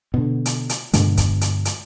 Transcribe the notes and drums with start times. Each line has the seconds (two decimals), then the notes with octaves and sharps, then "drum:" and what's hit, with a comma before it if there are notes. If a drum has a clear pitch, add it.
0.14 B2 D3
0.45 drum: hi-hat
0.69 drum: hi-hat
0.93 G2 B2 D3 G#3, drum: hi-hat
1.17 drum: kick, hi-hat
1.41 drum: hi-hat
1.65 drum: hi-hat